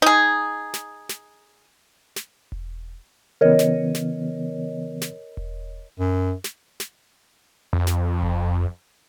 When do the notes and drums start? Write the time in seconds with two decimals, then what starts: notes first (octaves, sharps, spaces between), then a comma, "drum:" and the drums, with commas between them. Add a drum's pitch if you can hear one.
0.02 D#4 G#4
0.74 drum: snare
1.09 drum: snare
2.16 drum: snare
2.52 drum: kick E1
3.41 C#3 E3 B3 A#4 C#5 D#5
3.59 drum: snare
3.95 drum: snare
5.02 drum: snare
5.37 drum: kick E1
5.99 F#2
6.44 drum: snare
6.80 drum: snare
7.73 F2
7.87 drum: snare
8.22 drum: kick E1